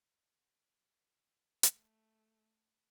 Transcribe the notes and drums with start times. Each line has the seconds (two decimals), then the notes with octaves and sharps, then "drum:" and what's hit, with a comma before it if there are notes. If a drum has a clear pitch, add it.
1.63 A3, drum: hi-hat